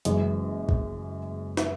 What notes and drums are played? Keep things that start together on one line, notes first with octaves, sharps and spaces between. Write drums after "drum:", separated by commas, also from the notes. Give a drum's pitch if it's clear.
F#1 F#2 E3 G#3 C#4 D#5, drum: hi-hat
drum: kick G#1
E5, drum: snare